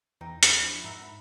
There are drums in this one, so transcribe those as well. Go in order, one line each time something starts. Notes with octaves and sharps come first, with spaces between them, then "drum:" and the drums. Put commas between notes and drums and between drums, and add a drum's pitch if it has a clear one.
E2 E3 D#4 G5
E2 E4 D#6 G6 A6, drum: hi-hat
F3 D4
G#2 D#4 E5 F#5
B5